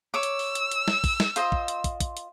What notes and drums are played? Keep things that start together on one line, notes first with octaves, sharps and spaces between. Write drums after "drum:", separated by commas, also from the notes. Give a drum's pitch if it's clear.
C#5 D6 E6
drum: hi-hat
drum: open hi-hat
drum: hi-hat
drum: hi-hat
drum: snare
drum: kick, open hi-hat
drum: snare
F4 C5 D#5, drum: hi-hat
drum: kick
drum: hi-hat
drum: kick, hi-hat
drum: kick, hi-hat
drum: hi-hat